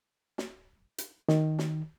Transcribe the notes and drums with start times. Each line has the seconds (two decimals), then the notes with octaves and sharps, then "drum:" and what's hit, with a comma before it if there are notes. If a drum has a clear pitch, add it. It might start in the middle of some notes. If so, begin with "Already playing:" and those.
0.38 drum: snare
0.98 drum: hi-hat
1.29 D#3, drum: snare
1.59 drum: snare